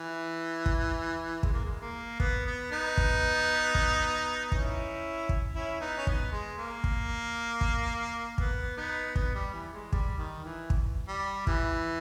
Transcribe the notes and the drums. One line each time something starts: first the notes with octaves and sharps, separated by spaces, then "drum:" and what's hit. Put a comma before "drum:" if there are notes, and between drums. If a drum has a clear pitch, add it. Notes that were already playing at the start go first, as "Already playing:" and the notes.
Already playing: E3
drum: kick
G#3, drum: kick
A#3
G#3
A#3
B3, drum: kick
B3
B3 D#4
drum: kick
drum: kick
C#4 E4, drum: kick
drum: kick
C#4 E4
B3 D#4
C#4
B3, drum: kick
G#3
A#3
drum: kick
drum: kick
B3, drum: kick
B3 D#4
B3, drum: kick
G3
E3
G#3
G3, drum: kick
D#3
E3
drum: kick
G3
E3, drum: kick